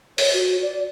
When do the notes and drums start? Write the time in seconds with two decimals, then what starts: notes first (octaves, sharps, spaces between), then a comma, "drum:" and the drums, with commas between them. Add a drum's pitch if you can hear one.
0.18 C#5, drum: open hi-hat
0.34 F#4
0.62 D5